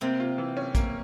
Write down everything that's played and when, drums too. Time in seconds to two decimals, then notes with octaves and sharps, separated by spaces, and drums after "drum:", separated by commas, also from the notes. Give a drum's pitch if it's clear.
0.01 C3 A#3 C4
0.20 F4
0.38 E3
0.57 C#4
0.75 A#3, drum: kick, hi-hat